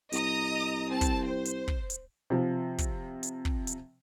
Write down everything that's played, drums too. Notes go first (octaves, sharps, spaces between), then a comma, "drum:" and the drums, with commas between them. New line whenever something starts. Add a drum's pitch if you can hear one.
C2 D#5 A#5 D#6, drum: hi-hat
C4 A5
drum: kick, hi-hat
C5
drum: hi-hat
drum: kick
drum: hi-hat
C3 F3
drum: kick, hi-hat
drum: hi-hat
drum: kick
drum: hi-hat